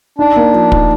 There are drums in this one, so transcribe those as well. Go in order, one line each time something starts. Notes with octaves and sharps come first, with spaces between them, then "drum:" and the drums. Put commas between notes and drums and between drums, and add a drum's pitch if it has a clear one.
D4 D#4
A#3
F3
D#4, drum: kick